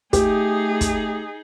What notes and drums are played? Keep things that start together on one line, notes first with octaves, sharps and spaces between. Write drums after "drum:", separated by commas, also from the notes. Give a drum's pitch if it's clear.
A3 D#4 G4 G#4, drum: kick, hi-hat
drum: kick, hi-hat